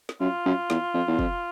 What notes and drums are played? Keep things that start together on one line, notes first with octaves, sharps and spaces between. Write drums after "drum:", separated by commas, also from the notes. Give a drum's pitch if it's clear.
drum: snare
F#2 F4
F#2
E2, drum: snare
F2
E2
F2, drum: kick